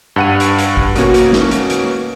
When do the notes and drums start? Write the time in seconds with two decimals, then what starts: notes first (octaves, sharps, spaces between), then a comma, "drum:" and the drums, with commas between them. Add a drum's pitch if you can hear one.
0.16 G2 F#5 D#7
0.40 drum: hi-hat
0.59 drum: hi-hat
0.77 drum: kick
0.96 B2 A#3 C#4 F#4, drum: hi-hat
1.14 drum: hi-hat
1.33 drum: snare
1.51 drum: hi-hat
1.70 drum: hi-hat